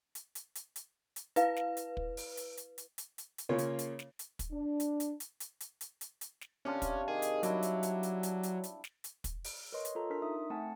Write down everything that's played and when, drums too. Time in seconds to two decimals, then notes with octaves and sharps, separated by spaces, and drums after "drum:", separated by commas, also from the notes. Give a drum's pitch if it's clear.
0.15 drum: hi-hat
0.35 drum: hi-hat
0.55 drum: hi-hat
0.76 drum: hi-hat
1.16 drum: hi-hat
1.36 E4 B4 F5, drum: hi-hat
1.56 drum: snare
1.77 drum: hi-hat
1.97 drum: kick
2.17 drum: open hi-hat
2.37 drum: hi-hat
2.57 drum: hi-hat
2.78 drum: hi-hat
2.98 drum: hi-hat
3.18 drum: hi-hat
3.38 drum: hi-hat
3.49 C#3 A#3 F4 C#5
3.58 drum: hi-hat
3.79 drum: hi-hat
3.99 drum: snare
4.19 drum: hi-hat
4.39 drum: kick, hi-hat
4.51 D4
4.80 drum: hi-hat
5.00 drum: hi-hat
5.20 drum: hi-hat
5.40 drum: hi-hat
5.61 drum: hi-hat
5.81 drum: hi-hat
6.01 drum: hi-hat
6.21 drum: hi-hat
6.41 drum: snare
6.65 C3 C#4 D4 F4
6.82 drum: kick, hi-hat
7.08 D#3 G#4
7.22 drum: hi-hat
7.43 F#3 G3 D4 E4, drum: hi-hat
7.63 drum: hi-hat
7.83 drum: hi-hat
8.03 drum: hi-hat
8.23 drum: hi-hat
8.43 drum: hi-hat
8.64 drum: hi-hat
8.84 drum: snare
9.04 drum: hi-hat
9.24 drum: kick, hi-hat
9.44 drum: open hi-hat
9.72 A#4 B4 C#5 D#5 C6
9.85 drum: hi-hat
9.95 F4 A4 A#5
10.10 D4 A#4 C6 B6
10.22 D#4 E5 D#6
10.50 A3 C4 F#5 G#5 A5